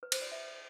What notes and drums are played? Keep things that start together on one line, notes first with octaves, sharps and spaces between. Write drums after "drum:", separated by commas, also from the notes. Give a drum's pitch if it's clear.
B4
C5, drum: cymbal
D5
E5